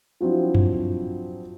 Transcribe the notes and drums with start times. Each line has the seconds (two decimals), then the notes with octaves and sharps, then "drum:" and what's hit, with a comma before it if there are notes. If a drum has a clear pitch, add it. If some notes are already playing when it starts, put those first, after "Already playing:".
0.21 F3 F#3 C4 D4 E4
0.55 drum: tom F#2